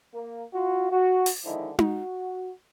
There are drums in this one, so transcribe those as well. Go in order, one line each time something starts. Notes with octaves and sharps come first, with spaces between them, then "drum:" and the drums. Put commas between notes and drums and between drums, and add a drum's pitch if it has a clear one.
A#3
F4 F#4
F#4
drum: open hi-hat
D3 D#3 F3 G#3 D#4 E4
F#4, drum: tom D#4